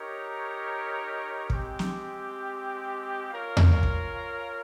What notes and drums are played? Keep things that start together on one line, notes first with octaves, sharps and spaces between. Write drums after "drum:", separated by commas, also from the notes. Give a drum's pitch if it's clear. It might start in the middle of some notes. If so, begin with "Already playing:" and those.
Already playing: D#4 G4 A#4 C#5
G#3 C4 G4, drum: kick
drum: snare
C#4 F4 A#4 C#5 F5
drum: tom E2
drum: kick